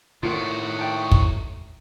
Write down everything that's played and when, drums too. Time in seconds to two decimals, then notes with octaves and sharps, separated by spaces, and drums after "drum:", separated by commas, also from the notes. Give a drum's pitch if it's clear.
0.23 A2 D#3 F4 F#4 A#4
0.79 E5 G5 A5
1.12 drum: kick